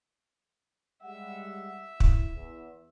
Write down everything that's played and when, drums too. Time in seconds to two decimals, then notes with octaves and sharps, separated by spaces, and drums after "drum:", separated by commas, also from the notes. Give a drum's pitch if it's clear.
1.03 G3 G#3 E5 F#5
2.00 E4, drum: kick
2.34 E2